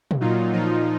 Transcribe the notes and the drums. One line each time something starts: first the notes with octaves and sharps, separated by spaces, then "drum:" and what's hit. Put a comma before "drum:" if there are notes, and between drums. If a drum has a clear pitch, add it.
drum: tom
A#2 F#3 D#4 F4
A#2 F3 D#4 F4